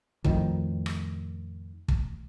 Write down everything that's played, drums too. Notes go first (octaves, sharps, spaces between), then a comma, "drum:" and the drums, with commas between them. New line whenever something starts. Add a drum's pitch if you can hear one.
F2 A2 D#3, drum: kick
drum: rim click
drum: kick